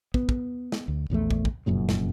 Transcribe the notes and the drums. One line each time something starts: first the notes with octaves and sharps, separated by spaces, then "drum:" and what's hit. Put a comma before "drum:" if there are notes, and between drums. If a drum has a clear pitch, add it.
B3, drum: kick
drum: kick
drum: snare
D2
A#1 E2 F3 A3
drum: kick
drum: kick
F1 F#2 A#2 C#3
drum: snare